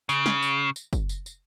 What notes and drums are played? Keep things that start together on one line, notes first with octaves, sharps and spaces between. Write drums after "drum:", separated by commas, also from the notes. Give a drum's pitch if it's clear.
C#3, drum: tambourine
drum: snare
drum: tambourine
drum: tambourine
drum: kick, tambourine
drum: tambourine
drum: tambourine